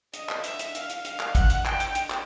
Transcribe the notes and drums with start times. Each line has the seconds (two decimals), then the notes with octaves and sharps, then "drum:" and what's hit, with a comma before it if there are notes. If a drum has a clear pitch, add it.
0.14 D#5, drum: hi-hat
0.29 drum: clap
0.44 E5, drum: hi-hat
0.59 drum: hi-hat
0.75 F5, drum: hi-hat
0.90 drum: hi-hat
1.05 F5, drum: hi-hat
1.20 drum: clap
1.35 F#5, drum: kick, hi-hat
1.50 drum: hi-hat
1.66 G5, drum: clap
1.80 drum: hi-hat
1.95 drum: hi-hat
2.10 drum: clap